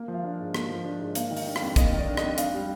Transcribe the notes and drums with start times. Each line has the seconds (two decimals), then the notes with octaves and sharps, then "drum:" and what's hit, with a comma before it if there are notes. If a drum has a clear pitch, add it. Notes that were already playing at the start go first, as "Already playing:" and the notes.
Already playing: A#3
0.08 F3
0.14 F5
0.24 D4
0.39 G#2
0.55 A#3, drum: rim click
0.70 F3
0.85 D4
1.00 G#2
1.15 A#3 F5, drum: hi-hat
1.31 D#3
1.37 F5, drum: open hi-hat
1.46 D4
1.56 F5, drum: rim click
1.62 F2
1.76 A#3 D#5, drum: kick, hi-hat
1.93 D#3 D5
2.07 D4
2.17 D#5, drum: rim click
2.23 F2
2.38 D4 F5, drum: hi-hat
2.54 G3